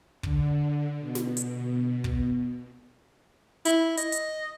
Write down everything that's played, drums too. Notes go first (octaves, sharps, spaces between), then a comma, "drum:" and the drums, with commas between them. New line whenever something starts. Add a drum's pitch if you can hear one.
D3, drum: kick
B2
drum: snare
drum: hi-hat
drum: kick
E4, drum: hi-hat
D#5, drum: hi-hat
drum: hi-hat